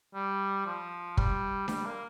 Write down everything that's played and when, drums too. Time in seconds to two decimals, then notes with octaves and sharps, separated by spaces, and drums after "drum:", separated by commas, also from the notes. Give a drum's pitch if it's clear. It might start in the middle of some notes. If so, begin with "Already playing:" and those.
0.15 G3
0.66 F3
1.17 G3, drum: kick
1.68 G3, drum: snare D4
1.86 A#3